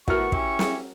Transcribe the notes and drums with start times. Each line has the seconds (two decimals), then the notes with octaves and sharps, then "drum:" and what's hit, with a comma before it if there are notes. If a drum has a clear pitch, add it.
0.08 A2 B3 E4 F#4 A#4 C#6 F6, drum: kick
0.32 C#4 E4 G4, drum: kick
0.59 drum: snare